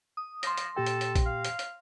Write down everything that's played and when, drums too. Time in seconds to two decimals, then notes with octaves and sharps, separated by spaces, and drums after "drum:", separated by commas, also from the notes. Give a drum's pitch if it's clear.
0.17 D#6
0.43 F3 C6 A#6, drum: hi-hat
0.57 drum: hi-hat
0.76 A#2 G4 A4 G5
0.86 drum: hi-hat
1.01 drum: hi-hat
1.16 drum: kick A#1, hi-hat
1.26 F5
1.45 drum: hi-hat
1.59 drum: hi-hat